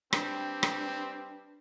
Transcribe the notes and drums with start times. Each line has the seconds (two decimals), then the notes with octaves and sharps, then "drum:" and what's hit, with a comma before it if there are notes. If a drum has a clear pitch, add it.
0.13 G3 C4 D4 B4, drum: rim click
0.63 drum: rim click